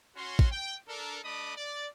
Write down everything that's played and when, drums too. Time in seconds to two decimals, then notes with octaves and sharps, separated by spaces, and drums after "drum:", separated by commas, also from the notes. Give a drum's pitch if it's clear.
0.16 C#4 F#4 C6
0.39 drum: kick
0.51 G5
0.88 D4 A4 A#4
1.23 A3 D4 D#5 B5 D6 D#6
1.56 D5